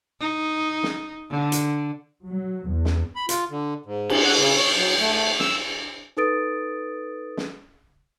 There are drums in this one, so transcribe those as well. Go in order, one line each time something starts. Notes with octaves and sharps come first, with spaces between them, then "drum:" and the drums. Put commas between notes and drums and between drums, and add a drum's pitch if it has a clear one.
D#4
drum: snare
D3
drum: hi-hat
F#3
E2
drum: snare
B5
F4, drum: hi-hat
D3
G#2
drum: cymbal
F#5
C#3
C#5
F#3
A3
A3
E6, drum: snare
D#4 A4 B4 D#6 A6 D7
drum: snare